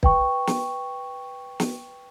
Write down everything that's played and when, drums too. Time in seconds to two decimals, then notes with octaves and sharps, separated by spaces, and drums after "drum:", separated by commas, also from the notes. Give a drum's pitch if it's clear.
0.03 B4 G5 C#6, drum: kick
0.47 drum: snare
1.60 drum: snare